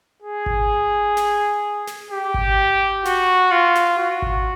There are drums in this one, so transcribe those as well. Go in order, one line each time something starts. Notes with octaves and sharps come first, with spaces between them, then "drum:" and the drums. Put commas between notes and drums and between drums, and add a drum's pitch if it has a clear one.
G#4
drum: kick G#1
drum: snare
drum: snare
G4
drum: kick G#1
F#4, drum: snare
F4
drum: snare
F#4
drum: kick G#1